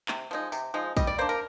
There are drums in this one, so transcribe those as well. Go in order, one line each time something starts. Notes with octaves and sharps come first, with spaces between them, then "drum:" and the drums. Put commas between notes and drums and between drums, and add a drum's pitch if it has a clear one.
C3, drum: clap
F3 G#3 D#4
C3, drum: tambourine
F3 G#3 D#4
G3 D#5, drum: kick, tambourine
D5
A#3 D4 C5
A#4